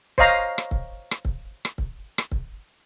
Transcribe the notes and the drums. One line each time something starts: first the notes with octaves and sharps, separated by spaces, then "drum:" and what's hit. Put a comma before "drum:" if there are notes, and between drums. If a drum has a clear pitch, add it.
C5 C#5 D#5 F5 A#5, drum: kick C#1
drum: rim click
drum: kick C#1
drum: rim click
drum: kick C#1
drum: rim click
drum: kick C#1
drum: rim click
drum: kick C#1